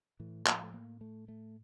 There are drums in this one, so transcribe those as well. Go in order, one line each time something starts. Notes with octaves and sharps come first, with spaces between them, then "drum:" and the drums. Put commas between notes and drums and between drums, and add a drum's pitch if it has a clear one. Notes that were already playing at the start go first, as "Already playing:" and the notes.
A2 E3
F3, drum: clap
A3
A#3
A3
A3